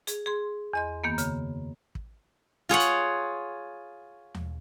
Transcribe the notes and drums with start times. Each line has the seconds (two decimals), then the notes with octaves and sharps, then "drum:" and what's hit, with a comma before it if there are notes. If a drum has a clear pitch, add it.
0.07 G#4, drum: hi-hat
0.26 G#4 C6
0.73 E2 D#5 C6
1.04 F#2 D#3 A#3 B3
1.18 C#3, drum: hi-hat
1.95 drum: kick
2.69 F4 G#4 C#5 F#5
2.80 drum: hi-hat
4.35 drum: tom D#2